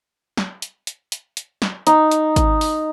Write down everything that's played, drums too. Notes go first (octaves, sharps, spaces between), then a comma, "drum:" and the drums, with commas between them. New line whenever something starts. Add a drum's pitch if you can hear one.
drum: snare
drum: hi-hat
drum: hi-hat
drum: hi-hat
drum: hi-hat
drum: snare
D#4, drum: hi-hat
drum: hi-hat
drum: kick G#1, hi-hat
drum: open hi-hat